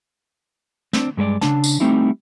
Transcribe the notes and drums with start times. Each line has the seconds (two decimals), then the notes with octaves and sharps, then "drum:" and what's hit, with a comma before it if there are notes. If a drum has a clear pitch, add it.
0.93 C4 D4, drum: snare
1.17 G2 G#3 B4 D5
1.41 C#3 D4 A5, drum: snare
1.64 drum: tambourine
1.80 G3 A3 C4 D#4 E4